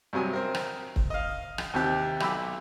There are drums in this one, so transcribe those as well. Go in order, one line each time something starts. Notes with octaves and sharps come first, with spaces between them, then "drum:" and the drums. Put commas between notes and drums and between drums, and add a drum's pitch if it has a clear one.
G2 C3 F#3 G#5 D#6
C4 A#4
drum: rim click
drum: kick C#1
D#5 F5
drum: rim click
D#2 C3 G4 F#6
B1 B5 D6 E6, drum: rim click